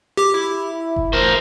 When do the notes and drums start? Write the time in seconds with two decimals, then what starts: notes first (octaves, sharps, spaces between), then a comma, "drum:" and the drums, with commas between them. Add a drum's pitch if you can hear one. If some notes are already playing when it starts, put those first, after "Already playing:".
0.17 G4 D6
0.34 E4
0.96 drum: kick F1
1.13 A#4 C5